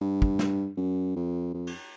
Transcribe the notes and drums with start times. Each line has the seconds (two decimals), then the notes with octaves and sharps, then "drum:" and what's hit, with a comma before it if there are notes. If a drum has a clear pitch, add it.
0.01 G2
0.22 drum: kick
0.39 drum: snare
0.77 F#2
1.16 F2
1.54 F2
1.67 drum: cymbal